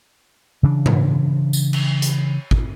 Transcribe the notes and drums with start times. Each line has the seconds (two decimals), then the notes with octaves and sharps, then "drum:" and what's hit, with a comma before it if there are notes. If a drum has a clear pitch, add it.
0.63 C#3 E3 D4
0.86 drum: tom G#2
1.53 drum: tambourine
1.73 drum: cymbal
2.02 drum: hi-hat
2.51 drum: kick G#1